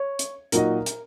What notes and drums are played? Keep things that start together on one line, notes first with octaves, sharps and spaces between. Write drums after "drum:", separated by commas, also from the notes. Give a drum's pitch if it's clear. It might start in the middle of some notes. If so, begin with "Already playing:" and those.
Already playing: C#5
drum: hi-hat
A#2 F#3 D#4 F#4 A#4 D#5, drum: hi-hat
drum: hi-hat